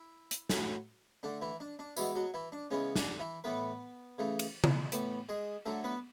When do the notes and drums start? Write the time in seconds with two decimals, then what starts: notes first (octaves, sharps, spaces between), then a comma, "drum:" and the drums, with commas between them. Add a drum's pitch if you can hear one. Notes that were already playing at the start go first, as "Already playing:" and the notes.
Already playing: E4
0.31 drum: hi-hat
0.50 A2 F#3 A3, drum: snare
1.23 D3 A3 D4
1.42 E3 E4
1.60 D4
1.79 D4
1.97 B2 E3 G#3 B3 E4, drum: tambourine
2.16 F#3 F#4
2.34 E3 E4
2.52 D4
2.71 C#3 E3 G#3 B3 C#4
2.96 D4, drum: snare
3.20 E3 E4
3.44 A2 E3 A3 B3 B4
4.18 C#3 E3 A3
4.39 drum: cymbal
4.64 drum: tom C#3
4.92 A2 E3 B3, drum: hi-hat
5.29 G#3 G#4
5.66 D3 F#3 A3 A4
5.84 B3 B4